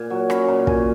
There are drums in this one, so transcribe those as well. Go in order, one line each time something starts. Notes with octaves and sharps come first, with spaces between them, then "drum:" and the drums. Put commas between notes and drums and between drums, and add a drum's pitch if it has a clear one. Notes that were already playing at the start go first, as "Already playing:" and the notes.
Already playing: A#2 G#5
F#3
C#4 B5, drum: rim click
A#2 A#5
A#2 G#5, drum: kick